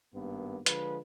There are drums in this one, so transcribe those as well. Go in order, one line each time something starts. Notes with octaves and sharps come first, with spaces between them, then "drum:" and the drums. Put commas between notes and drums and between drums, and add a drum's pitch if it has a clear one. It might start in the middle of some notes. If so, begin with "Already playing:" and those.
G#1 G2 A#3 B3
D3 F3 G#3 B4, drum: hi-hat